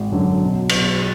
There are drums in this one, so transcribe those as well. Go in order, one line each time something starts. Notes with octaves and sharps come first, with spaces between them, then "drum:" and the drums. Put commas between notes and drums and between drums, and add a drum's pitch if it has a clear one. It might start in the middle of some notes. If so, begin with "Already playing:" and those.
Already playing: G#1
F#2 D3 F#3
B1
B2 F#3, drum: cymbal